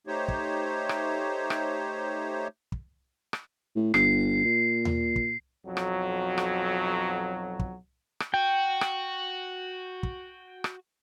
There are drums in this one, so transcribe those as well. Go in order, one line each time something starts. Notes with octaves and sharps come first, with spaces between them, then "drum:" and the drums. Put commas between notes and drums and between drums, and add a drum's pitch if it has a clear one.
A3 D#4 G4 C5 C#5
drum: kick
drum: rim click
drum: rim click
drum: kick
drum: rim click
A2
G1 C7, drum: rim click
A#2
drum: tom D#2
drum: kick
B1 F2 F#3
drum: rim click
drum: rim click
drum: kick
drum: rim click
F#4 G5
drum: rim click
drum: kick
drum: rim click